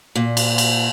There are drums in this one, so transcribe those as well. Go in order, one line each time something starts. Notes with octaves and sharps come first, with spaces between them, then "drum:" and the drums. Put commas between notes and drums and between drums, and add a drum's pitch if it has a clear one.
A#2
drum: cymbal
drum: cymbal